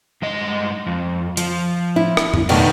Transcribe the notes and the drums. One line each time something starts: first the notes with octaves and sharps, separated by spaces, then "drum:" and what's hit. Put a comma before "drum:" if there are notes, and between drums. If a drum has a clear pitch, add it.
G2 G#3 D#5
F2
F3, drum: hi-hat
E4
drum: rim click
drum: tom F2
B2 D#3 A3 D4 B4 D5, drum: cymbal